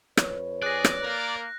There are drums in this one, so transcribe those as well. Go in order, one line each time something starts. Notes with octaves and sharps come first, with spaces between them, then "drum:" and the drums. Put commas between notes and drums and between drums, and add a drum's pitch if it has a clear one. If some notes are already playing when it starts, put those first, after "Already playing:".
F2 B4 C#5, drum: rim click
G#4 D5 F#6 A#6
drum: rim click
A#3 A#4